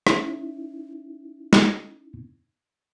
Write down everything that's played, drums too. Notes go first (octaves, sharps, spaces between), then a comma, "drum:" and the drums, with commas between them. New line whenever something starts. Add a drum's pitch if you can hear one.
C#4 D#4 E4, drum: rim click
drum: snare